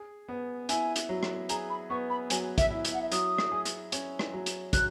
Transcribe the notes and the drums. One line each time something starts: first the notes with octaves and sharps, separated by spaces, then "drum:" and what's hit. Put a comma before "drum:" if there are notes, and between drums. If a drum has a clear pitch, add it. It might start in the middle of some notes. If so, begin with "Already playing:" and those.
Already playing: G#4
B3
E4 G#5, drum: hi-hat
drum: hi-hat
F#3
drum: rim click
G#4 A#5, drum: hi-hat
B5
B3 C#6
B5
F#3 G#5, drum: hi-hat
E5, drum: kick, hi-hat
E4
E5, drum: hi-hat
F#5
E5
F#3 D#6, drum: hi-hat
drum: rim click
G#4
drum: hi-hat
C#4, drum: hi-hat
drum: rim click
F#3
drum: hi-hat
F#3 F#6, drum: kick, hi-hat